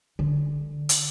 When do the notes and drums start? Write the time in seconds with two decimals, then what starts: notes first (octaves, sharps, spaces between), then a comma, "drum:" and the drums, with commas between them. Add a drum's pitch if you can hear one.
0.19 D3
0.89 drum: hi-hat